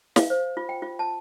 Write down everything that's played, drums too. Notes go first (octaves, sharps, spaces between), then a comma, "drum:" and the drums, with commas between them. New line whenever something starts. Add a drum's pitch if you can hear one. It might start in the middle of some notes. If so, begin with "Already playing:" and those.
F5, drum: snare
C5
F4
G5
F4
A5